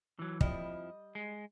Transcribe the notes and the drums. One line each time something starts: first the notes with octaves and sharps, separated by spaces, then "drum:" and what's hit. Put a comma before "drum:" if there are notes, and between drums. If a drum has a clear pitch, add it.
E3 F#3
F2 F3 G3 E4 D#5, drum: kick
G#3